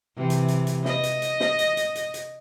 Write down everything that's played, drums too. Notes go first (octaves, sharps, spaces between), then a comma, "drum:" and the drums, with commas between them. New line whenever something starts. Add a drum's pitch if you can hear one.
C3 E3
drum: hi-hat
drum: hi-hat
drum: hi-hat
D#5, drum: snare
drum: hi-hat
drum: hi-hat
drum: snare
drum: hi-hat
drum: hi-hat
drum: hi-hat
drum: hi-hat